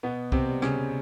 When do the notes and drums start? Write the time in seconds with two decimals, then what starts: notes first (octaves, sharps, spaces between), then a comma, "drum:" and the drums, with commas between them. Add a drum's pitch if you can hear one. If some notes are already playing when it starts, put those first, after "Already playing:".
0.03 B2 B3
0.32 C3 C4, drum: kick C2
0.47 G3
0.62 C#3 C#4, drum: rim click